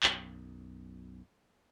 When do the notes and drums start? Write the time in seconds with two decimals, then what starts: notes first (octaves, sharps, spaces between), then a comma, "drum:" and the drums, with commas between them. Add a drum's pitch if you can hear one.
0.03 B1 F#2, drum: clap